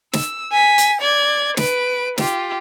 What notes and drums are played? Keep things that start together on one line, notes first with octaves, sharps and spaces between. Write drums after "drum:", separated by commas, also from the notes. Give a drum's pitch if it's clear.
E6, drum: snare
G#5 B6
drum: hi-hat
D5 G#6
B4 D7, drum: snare
F4 G4, drum: snare